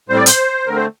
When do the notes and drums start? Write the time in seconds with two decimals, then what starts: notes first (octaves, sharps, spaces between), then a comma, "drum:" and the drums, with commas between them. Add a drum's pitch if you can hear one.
0.09 A2 G3 C4 C5
0.16 D5
0.26 C5, drum: hi-hat
0.66 D3 A3 C4 A#4
0.76 C5